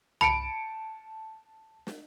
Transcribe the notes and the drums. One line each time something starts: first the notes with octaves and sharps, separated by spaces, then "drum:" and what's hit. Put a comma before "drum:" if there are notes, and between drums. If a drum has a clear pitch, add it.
A5 B5 C#7 D7, drum: tom
drum: snare